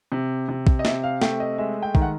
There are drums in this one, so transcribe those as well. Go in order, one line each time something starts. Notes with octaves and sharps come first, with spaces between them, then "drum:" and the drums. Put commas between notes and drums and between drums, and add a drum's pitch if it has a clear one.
C3
C3
drum: kick A#1
D#5
C3 E5, drum: snare
F5
A3 G5, drum: snare
D#5
G#3 E5
G5
D#3, drum: kick A#1
F#5